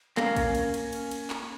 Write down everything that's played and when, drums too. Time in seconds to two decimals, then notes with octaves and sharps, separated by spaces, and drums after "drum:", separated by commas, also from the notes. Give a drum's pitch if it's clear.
0.17 A#3 C#4, drum: clap
0.36 drum: kick, cymbal
0.55 C#4, drum: cymbal
0.74 drum: cymbal
0.93 drum: cymbal
1.11 drum: cymbal
1.30 drum: clap